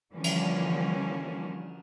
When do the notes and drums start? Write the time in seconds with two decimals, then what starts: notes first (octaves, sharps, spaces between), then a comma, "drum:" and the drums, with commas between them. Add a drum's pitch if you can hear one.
0.14 D3 E3 F3 G3 A#3 C#4
0.24 drum: cymbal